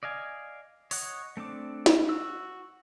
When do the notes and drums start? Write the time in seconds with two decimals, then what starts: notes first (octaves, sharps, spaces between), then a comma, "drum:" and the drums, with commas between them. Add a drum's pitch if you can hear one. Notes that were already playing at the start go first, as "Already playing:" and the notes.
0.03 D5 D#5 F5 G#5
0.91 C#5 D#5 F#5, drum: open hi-hat
1.37 A3 C4 D4 D6
1.86 drum: snare
2.09 F#4 E6